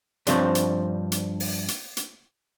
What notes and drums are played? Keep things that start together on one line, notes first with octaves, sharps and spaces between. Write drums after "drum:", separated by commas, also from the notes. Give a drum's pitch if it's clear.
G2 F3 C4 D4 C5 C#5, drum: hi-hat
drum: hi-hat
drum: hi-hat
drum: open hi-hat
drum: hi-hat
drum: hi-hat